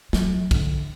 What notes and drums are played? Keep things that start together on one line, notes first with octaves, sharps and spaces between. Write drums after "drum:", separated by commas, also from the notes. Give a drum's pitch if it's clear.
F#3, drum: snare
D3, drum: kick, cymbal